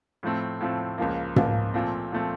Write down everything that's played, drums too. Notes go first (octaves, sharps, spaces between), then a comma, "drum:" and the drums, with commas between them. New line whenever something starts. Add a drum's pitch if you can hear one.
A2 F3 A3 C4
A2 F3 A3 C4
C#2 C#3 F3 A#3
C#2 C#3 F3 A#3, drum: tom
A#2 F3 A3 C4
A#2 F3 A3 C4